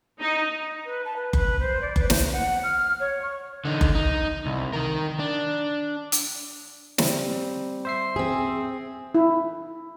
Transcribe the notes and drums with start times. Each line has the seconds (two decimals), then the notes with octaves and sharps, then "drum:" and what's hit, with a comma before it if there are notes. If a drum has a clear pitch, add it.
0.20 D#4
0.85 B4
1.05 A5
1.16 B4
1.33 B4, drum: kick F#1
1.60 C5
1.82 D5
1.96 B4, drum: kick F#1
2.10 C5, drum: snare
2.33 F#5
2.63 F6
3.00 C#5
3.22 C#6
3.65 D3 D#4
3.81 drum: kick F#1
3.95 D#4
4.46 C2
4.73 D#3 A#4
5.19 D4
6.12 drum: hi-hat
6.98 G3 C4, drum: snare
7.85 C5 E5 C7
8.16 C4 G#4
9.15 E4